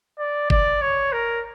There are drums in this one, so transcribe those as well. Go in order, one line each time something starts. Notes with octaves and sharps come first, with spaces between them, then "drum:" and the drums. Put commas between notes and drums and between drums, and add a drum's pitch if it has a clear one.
D5
D5, drum: kick G1
C#5
A#4